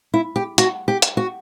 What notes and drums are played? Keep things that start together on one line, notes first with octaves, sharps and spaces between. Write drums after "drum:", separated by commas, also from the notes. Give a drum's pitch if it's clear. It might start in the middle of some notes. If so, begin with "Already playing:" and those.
E4
G4
F#4, drum: hi-hat
G4
drum: hi-hat
F#4